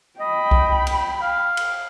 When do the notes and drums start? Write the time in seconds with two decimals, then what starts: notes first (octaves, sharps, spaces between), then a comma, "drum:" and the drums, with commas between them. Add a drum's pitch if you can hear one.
0.20 D#5 G5 B5
0.51 drum: kick C2
0.87 drum: cymbal
1.22 F5
1.57 drum: cymbal